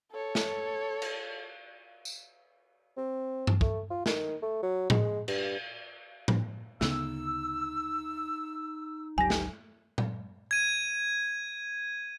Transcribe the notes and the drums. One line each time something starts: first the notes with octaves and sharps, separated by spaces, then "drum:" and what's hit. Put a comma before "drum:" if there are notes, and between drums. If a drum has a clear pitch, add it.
A4 C#5
drum: snare
drum: cymbal
drum: tambourine
C4
drum: tom G2
A3, drum: kick
F4
D#3, drum: snare
A3
F#3
G#3, drum: tom A2
G2, drum: cymbal
drum: tom A2
D2 C#3 B3 D#4 E6, drum: snare
G1 C#2 G2 F#3 G4 G#5 A#6
drum: snare
drum: tom A#2
G#6 D#7